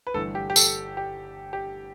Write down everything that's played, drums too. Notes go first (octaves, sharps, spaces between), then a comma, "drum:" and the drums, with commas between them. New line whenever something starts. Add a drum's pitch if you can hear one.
B4
G1 G2 E3 A3 A4
G4
G4
A4, drum: tambourine
G4
G4